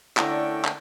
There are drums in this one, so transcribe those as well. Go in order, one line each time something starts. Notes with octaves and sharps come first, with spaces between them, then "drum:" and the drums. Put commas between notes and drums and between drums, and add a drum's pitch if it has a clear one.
D3 A3 C#4 E4 A#4 D5 G5, drum: clap
drum: clap